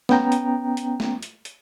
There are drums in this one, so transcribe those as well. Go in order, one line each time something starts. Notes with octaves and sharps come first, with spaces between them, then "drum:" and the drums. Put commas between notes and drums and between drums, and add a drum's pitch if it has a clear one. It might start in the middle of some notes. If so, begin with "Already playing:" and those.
B3 C#4 G5 A#5, drum: snare A3
drum: hi-hat
drum: hi-hat
drum: snare A3
drum: hi-hat
drum: hi-hat